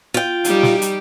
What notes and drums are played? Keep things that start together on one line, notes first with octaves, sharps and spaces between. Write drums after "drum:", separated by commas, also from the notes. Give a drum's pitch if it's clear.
F4 G5
G3 D#4 G4, drum: hi-hat
drum: snare
drum: hi-hat